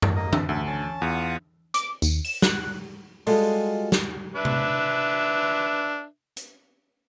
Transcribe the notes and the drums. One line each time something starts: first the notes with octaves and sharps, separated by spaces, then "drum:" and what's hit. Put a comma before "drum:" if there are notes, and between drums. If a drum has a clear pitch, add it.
drum: tom F#2
A#3 D#5
drum: tom E3
D2 A4 E5
C#4 A5
E2 F4 F#5 D#6
D6, drum: hi-hat
D#2, drum: tambourine
E7, drum: open hi-hat
F#6, drum: snare
G3 G#3 F4 F#4 A4 D#5, drum: open hi-hat
drum: snare
D4 B4 E5
drum: tom C3
drum: hi-hat